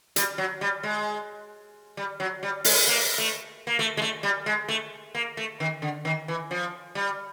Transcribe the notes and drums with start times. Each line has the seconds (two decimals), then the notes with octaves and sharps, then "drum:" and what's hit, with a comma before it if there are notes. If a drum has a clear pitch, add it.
0.16 G3, drum: hi-hat
0.38 F#3
0.61 G3
0.83 G#3
1.97 G3
2.20 F#3
2.43 G3
2.65 G#3, drum: open hi-hat
2.87 A#3
3.18 A3
3.67 A#3
3.79 A3
3.97 G#3
4.02 A3
4.23 G3
4.46 G#3
4.68 A3
5.15 A#3
5.37 A3
5.60 D#3
5.82 D3
6.05 D#3
6.28 E3
6.51 F3
6.95 G3